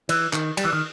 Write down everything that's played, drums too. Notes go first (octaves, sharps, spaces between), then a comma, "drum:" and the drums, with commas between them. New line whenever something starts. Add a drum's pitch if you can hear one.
E3, drum: cymbal
D#3, drum: clap
G3, drum: cymbal
E3
D#3